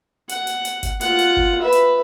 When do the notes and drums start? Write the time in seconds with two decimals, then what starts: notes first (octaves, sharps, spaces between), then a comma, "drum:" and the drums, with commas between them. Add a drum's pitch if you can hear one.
0.29 F#5, drum: hi-hat
0.47 drum: hi-hat
0.65 drum: hi-hat
0.83 drum: kick G1, hi-hat
1.01 F4 F#5, drum: hi-hat
1.19 drum: hi-hat
1.37 drum: kick G1
1.61 B4 E5
1.72 drum: hi-hat